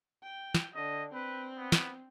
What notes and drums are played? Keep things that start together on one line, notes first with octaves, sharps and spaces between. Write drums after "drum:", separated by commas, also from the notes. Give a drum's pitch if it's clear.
G5
drum: snare
D3 D#5
C4 B4
B3
drum: snare